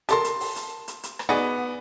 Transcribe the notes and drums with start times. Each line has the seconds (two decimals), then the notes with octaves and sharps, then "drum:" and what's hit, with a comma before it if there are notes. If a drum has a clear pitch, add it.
0.09 G4 A4 A#4 A5 C6, drum: hi-hat
0.24 drum: hi-hat
0.40 drum: open hi-hat
0.56 drum: hi-hat
0.88 drum: hi-hat
1.03 drum: hi-hat
1.19 drum: rim click
1.29 B3 D#4 F#4 G#4 D5